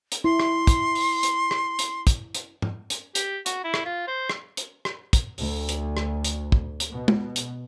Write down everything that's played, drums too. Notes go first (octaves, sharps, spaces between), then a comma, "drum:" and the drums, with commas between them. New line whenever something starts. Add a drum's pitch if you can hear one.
drum: hi-hat
E4 C6
drum: rim click
drum: kick, hi-hat
drum: open hi-hat
drum: hi-hat
drum: rim click
drum: hi-hat
drum: kick, hi-hat
drum: hi-hat
drum: tom
drum: hi-hat
G4, drum: hi-hat
F#4, drum: hi-hat
E4
drum: rim click
F4
C5
drum: rim click
drum: hi-hat
drum: rim click
drum: kick, hi-hat
D2, drum: open hi-hat
drum: hi-hat
drum: rim click
drum: hi-hat
drum: kick
drum: hi-hat
B2
drum: tom
drum: hi-hat